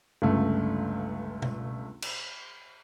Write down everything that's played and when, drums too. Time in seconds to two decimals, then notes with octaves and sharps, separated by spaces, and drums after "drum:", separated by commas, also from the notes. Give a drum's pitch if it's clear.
0.22 G1 C#2 A3
1.42 drum: tom B2
2.02 drum: cymbal